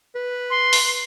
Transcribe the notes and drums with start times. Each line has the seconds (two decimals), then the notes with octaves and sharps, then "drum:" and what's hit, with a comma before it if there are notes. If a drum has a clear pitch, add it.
0.15 B4
0.50 C6
0.73 drum: open hi-hat